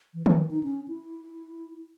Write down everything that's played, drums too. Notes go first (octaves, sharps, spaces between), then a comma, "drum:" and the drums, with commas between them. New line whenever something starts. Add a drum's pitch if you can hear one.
E3
D#3, drum: tom D#3
E3
D#4
C#4
E4